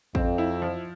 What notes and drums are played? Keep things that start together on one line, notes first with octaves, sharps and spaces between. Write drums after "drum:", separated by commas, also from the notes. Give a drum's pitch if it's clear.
F2 C4, drum: kick
E4
F3